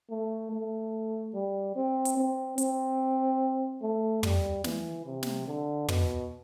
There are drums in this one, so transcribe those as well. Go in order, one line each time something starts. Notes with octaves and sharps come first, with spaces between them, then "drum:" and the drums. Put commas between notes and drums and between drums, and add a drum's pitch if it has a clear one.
A3
A3
G3
C4
drum: hi-hat
C4
C4, drum: hi-hat
A3
G3, drum: tom
E3, drum: snare
C3
drum: snare
D3
B2, drum: tom